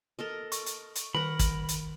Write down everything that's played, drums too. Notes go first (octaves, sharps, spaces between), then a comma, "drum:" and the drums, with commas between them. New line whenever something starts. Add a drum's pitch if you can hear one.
A4 A#4 D#5
C#6, drum: hi-hat
drum: hi-hat
drum: hi-hat
D#3 A#4 F#5 B5
drum: kick, hi-hat
drum: hi-hat